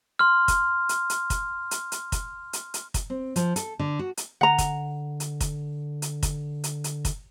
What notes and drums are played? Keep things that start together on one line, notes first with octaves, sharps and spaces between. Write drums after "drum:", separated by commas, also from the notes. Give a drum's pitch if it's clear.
C6 F6
drum: kick, hi-hat
drum: hi-hat
drum: hi-hat
drum: kick, hi-hat
drum: hi-hat
drum: hi-hat
drum: kick, hi-hat
drum: hi-hat
drum: hi-hat
drum: kick, hi-hat
C4
F3, drum: hi-hat
A4, drum: hi-hat
D3
F#4
drum: hi-hat
D3 F#5 A#5
drum: kick, hi-hat
drum: hi-hat
drum: kick, hi-hat
drum: hi-hat
drum: kick, hi-hat
drum: hi-hat
drum: hi-hat
drum: kick, hi-hat